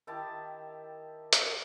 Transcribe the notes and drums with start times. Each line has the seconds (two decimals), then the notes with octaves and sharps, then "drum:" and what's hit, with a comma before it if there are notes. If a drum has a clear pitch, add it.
0.07 D#3 E4 G4 A5
1.33 drum: hi-hat